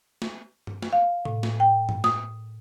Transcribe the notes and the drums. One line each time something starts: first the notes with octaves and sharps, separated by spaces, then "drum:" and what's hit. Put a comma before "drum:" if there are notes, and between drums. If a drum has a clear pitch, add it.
drum: snare
drum: tom G2
drum: snare
F5
A2, drum: tom C3
drum: snare
G5
drum: tom G2
D#6, drum: snare